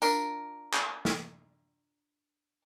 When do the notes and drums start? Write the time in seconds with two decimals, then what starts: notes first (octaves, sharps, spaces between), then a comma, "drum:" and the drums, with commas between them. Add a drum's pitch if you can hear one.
0.02 D4 F4 A#4, drum: tambourine
0.73 drum: clap
1.05 drum: snare